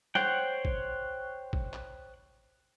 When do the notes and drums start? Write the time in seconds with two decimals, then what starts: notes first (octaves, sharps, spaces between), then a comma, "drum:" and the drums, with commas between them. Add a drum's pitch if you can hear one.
0.15 C5 C#5 F#5 G5, drum: snare
0.65 drum: kick
1.53 drum: kick
1.73 drum: clap